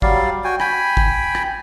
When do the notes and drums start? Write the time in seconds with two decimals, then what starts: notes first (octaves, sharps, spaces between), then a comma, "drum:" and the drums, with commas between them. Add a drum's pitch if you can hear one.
0.02 F#3 G3 D5 F5, drum: kick
0.44 F#4 G5 G#5
0.60 G5 G#5 B5, drum: rim click
0.97 drum: kick
1.35 drum: rim click